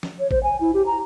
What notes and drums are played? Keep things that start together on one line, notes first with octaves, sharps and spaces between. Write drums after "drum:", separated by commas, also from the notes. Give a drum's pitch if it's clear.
drum: snare
C#5
C5, drum: kick A1
G#5
E4
G4
A#5